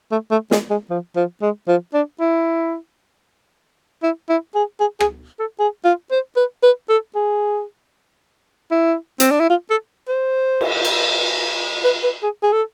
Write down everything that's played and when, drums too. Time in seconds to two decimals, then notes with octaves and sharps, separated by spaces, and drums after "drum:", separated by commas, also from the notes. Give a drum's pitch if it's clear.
0.12 A3
0.31 A3
0.51 G#3, drum: snare
0.70 G#3
0.90 F3
1.16 F3
1.42 G#3
1.68 F3
1.94 D4
2.20 E4
4.03 E4
4.29 E4
4.55 G#4
4.80 G#4
5.00 G#4, drum: rim click
5.39 A4
5.59 G#4
5.85 F4
6.11 C5
6.37 B4
6.63 B4
6.89 A4
7.15 G#4
8.71 E4
9.20 C4, drum: hi-hat
9.31 D4
9.40 E4
9.50 F4
9.70 A4
10.08 C5
10.61 drum: cymbal
10.85 drum: cymbal
11.84 B4
12.03 B4
12.23 G#4
12.43 G#4
12.53 A4